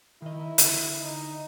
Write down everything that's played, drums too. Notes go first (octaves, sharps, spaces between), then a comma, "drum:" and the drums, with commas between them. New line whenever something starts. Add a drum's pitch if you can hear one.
D#3 E4 D#5
D3, drum: hi-hat
D#4